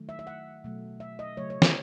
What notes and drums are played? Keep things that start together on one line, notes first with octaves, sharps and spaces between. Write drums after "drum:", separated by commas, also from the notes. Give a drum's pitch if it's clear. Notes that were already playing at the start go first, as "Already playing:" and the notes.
Already playing: D#3 F#3 A3
E5
E5
F#5
B2 F#3 A3
E5
D#5
C#3 F#3 A3 C#5
C#5
C#5, drum: snare